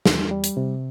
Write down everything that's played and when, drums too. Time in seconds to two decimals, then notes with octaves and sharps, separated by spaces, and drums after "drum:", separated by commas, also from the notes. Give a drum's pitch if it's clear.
0.05 E2, drum: snare
0.31 G3
0.44 drum: hi-hat
0.57 C3